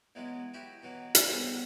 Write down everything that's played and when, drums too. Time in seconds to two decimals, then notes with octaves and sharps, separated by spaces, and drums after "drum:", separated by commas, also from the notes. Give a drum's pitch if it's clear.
0.15 E2 E3 F#3 G#3
0.54 E4 F#4 G4
0.83 B2 E3 F#3
1.15 drum: hi-hat
1.27 G3 B3 F#4 A4 C5 C#5